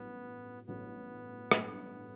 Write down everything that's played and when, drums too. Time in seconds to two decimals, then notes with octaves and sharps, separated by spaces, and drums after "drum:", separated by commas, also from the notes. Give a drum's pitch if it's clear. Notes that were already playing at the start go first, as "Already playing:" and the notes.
Already playing: A1 G2 F#3 A3 B3
0.67 A1 G2 F#3 A3 B3
1.51 A1 G2 F#3 A3, drum: rim click